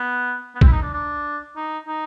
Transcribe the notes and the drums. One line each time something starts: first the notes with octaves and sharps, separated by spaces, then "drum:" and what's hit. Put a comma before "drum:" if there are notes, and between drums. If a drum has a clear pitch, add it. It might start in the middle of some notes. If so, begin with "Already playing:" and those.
Already playing: B3
B3
C4, drum: kick A#1
E4
D#4
D4
D4
D#4
D#4